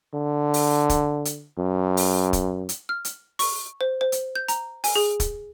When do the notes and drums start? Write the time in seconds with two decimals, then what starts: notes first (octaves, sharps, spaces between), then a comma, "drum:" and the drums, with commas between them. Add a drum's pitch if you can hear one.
0.14 D3
0.54 drum: open hi-hat
0.90 drum: kick, hi-hat
1.25 drum: hi-hat
1.58 F#2
1.97 drum: open hi-hat
2.33 drum: kick, hi-hat
2.69 drum: hi-hat
2.89 F6
3.05 drum: hi-hat
3.39 C#6, drum: open hi-hat
3.81 C5
4.01 C5
4.12 drum: hi-hat
4.35 G6
4.48 A#5, drum: hi-hat
4.84 G#5, drum: open hi-hat
4.95 G#4
5.20 drum: kick, hi-hat